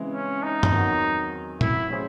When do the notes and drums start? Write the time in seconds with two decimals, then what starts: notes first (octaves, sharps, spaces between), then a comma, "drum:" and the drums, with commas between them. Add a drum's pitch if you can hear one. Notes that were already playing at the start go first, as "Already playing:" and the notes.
Already playing: C#3 E3 G#3 C4 E4
0.13 C#4
0.43 D#4
0.63 drum: tom G2
0.73 E2 D#3 F#3 C4 F#4
1.61 E4, drum: tom
1.90 A2 F#3 C#4 G#4 C5